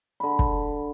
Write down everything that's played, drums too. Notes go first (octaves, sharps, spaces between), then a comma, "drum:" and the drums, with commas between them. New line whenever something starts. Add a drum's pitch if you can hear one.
D3 B5
drum: kick